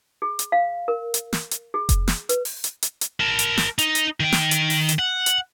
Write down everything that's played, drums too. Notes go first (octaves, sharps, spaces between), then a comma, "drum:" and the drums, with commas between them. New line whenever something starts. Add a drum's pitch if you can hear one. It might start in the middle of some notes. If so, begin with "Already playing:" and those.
G#4
drum: hi-hat
F5
A#4
drum: hi-hat
drum: snare
drum: hi-hat
G#4
drum: kick F1, hi-hat
drum: snare
B4, drum: hi-hat
drum: open hi-hat
drum: hi-hat
drum: hi-hat
drum: hi-hat
A#4 A5
drum: hi-hat
drum: snare
D#4, drum: hi-hat
drum: hi-hat
D#3 G5
drum: snare
drum: hi-hat
drum: open hi-hat
drum: hi-hat
F#5
drum: hi-hat